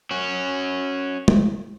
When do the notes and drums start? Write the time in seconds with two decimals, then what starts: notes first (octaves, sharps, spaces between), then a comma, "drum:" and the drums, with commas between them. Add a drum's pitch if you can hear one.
0.11 C#4 F#4
1.28 drum: tom